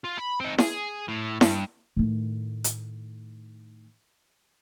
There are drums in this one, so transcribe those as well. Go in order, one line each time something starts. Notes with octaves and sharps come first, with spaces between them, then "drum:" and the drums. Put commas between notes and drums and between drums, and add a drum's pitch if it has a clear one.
F4
B5
C4 D#4
G#4, drum: snare E4
A2
G2, drum: snare E4
A2 D#3
drum: hi-hat